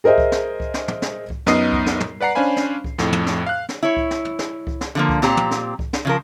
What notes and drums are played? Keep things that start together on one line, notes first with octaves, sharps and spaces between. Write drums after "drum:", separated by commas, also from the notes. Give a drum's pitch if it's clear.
G#4 A#4 C5 D#5 E5
drum: kick C2
drum: snare
drum: kick C2
drum: snare
drum: tom
drum: snare
drum: kick C2
F#2 B3 D#4 D#5 D#6 C7, drum: snare
drum: kick C2
drum: snare
drum: tom
B4 D5 F#5 A#5 C7
C#4 D4 C5 F5 G#5 B5
drum: snare
drum: kick C2
F2 A2, drum: snare
drum: tom
drum: snare
F5 F#6
drum: snare
E4 C#5
drum: kick C2
drum: snare
drum: tom
drum: snare
drum: kick C2
drum: snare
D3 F3 A#3
drum: kick C2
A#2 C4 G4 A#5, drum: snare
drum: tom
drum: snare
drum: kick C2
drum: snare
C#3 F3 A#4